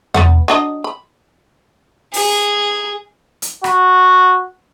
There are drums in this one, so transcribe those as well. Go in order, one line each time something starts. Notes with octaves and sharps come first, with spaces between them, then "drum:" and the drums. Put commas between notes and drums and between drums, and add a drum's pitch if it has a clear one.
B3 B4 F#5, drum: tom E2
F#3 D4 D#5
B5
G#4, drum: open hi-hat
drum: hi-hat
F#4, drum: rim click